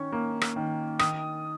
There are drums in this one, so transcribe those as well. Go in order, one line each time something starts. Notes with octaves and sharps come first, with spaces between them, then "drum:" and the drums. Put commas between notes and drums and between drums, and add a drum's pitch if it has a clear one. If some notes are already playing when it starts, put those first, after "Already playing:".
Already playing: D#3 C#4 C#6
A#3
drum: rim click
D#3
D#3 D#6, drum: rim click